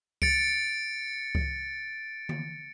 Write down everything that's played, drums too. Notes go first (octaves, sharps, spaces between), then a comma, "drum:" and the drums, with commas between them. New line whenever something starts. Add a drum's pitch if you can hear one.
A6 C#7 D7, drum: kick C#2
drum: kick C#2
drum: tom D3